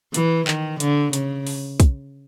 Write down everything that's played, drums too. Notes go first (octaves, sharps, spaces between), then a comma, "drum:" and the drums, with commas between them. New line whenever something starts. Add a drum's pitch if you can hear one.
E3, drum: hi-hat
D#3, drum: clap
D3, drum: hi-hat
C#3, drum: hi-hat
drum: open hi-hat
drum: kick, hi-hat